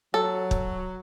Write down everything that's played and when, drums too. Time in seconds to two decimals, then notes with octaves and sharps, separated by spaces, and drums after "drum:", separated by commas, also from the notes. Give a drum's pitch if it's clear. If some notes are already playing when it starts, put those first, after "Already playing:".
0.14 F#3 A4
0.51 drum: kick